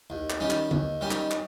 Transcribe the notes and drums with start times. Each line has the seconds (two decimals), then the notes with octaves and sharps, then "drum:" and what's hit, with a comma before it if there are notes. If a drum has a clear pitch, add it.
0.10 D#2
0.30 drum: clap
0.40 D#3 G3 C#4
0.50 drum: clap
0.71 D#2, drum: tom D3
1.01 D#3 G3 C#4
1.11 drum: clap
1.31 drum: clap